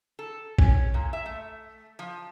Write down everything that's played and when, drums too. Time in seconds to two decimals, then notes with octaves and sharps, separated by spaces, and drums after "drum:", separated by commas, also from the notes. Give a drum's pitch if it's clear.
0.19 A4
0.59 C#4, drum: kick A#1
0.94 A#2
1.13 E5
1.26 A3
1.99 F3